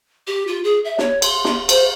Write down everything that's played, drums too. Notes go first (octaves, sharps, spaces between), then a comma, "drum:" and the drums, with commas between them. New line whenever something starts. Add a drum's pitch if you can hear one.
G4
F4
G#4
E5
C#5, drum: snare
C6, drum: cymbal
drum: snare
C5, drum: cymbal